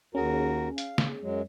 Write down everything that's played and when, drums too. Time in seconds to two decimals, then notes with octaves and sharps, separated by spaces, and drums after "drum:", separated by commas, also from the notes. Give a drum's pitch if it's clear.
0.15 D#2 C#4 F#4 G#4 A#4
0.78 F5, drum: hi-hat
0.98 drum: snare
1.22 F#2 F#3 G#3